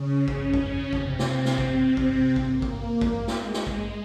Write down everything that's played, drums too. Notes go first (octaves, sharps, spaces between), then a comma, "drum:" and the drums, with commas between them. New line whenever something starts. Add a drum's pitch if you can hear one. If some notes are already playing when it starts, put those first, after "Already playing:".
Already playing: C#3 C#4
drum: kick A1
C#3 C#4, drum: kick A1
C3 C4, drum: kick A1
drum: snare
drum: snare
drum: kick A1
drum: kick A1
drum: kick A1
A#3
drum: kick A1
drum: kick A1
G#3, drum: snare
drum: snare
drum: kick A1